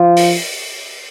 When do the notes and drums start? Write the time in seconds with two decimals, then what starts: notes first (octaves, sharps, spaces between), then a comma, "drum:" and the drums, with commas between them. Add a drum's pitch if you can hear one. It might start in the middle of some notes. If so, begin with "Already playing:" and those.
Already playing: F3
0.17 drum: open hi-hat